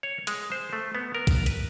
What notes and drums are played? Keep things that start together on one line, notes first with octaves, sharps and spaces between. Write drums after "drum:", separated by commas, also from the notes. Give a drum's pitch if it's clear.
C#5
G#3, drum: hi-hat
C5
A3
B3
A#4
drum: kick, hi-hat
B4, drum: hi-hat